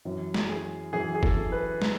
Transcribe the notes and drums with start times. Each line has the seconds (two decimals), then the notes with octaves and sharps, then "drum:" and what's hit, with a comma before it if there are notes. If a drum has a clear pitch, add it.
0.05 F#2 E3
0.34 drum: snare
0.49 G#4
0.93 F#2 E3 G#4
1.15 G#4
1.23 A4, drum: kick
1.52 B4
1.82 drum: snare